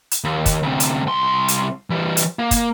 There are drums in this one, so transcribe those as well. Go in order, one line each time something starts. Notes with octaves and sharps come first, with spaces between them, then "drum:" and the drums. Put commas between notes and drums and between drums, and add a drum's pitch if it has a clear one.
drum: hi-hat
D#2
drum: kick, hi-hat
D2 C3
drum: hi-hat
C2 C6
drum: hi-hat
E3 G3
drum: hi-hat
A#3
drum: kick, hi-hat